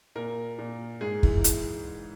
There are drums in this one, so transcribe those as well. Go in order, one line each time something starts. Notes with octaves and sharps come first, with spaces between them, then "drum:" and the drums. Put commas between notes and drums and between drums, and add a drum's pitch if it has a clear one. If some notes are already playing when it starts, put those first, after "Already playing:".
A#2 A#4
A#2
G#2 G#4
E3, drum: kick
drum: hi-hat